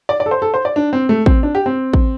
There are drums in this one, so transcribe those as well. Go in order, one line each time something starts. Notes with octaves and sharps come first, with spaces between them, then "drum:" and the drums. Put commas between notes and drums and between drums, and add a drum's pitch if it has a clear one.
D5
D5
A4
C5
A4
C5
D5
D4
C4
A3
C4, drum: kick A1
D4
G4
C4
drum: kick A1